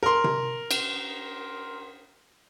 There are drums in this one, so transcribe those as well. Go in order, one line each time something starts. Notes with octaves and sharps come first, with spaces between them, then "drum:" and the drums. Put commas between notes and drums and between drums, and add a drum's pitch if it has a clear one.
A#4 C6
drum: tom C3
drum: cymbal